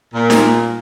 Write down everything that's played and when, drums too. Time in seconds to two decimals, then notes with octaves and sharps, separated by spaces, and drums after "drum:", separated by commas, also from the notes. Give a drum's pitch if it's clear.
0.14 A#2
0.30 drum: snare D#4